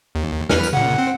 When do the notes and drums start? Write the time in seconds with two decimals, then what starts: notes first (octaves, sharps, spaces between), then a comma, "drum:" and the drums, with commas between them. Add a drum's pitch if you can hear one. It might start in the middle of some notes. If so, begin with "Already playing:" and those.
0.15 D#2
0.49 E2 B4 F6, drum: snare
0.64 drum: tambourine
0.73 A#2 C#3 F#5
0.98 C4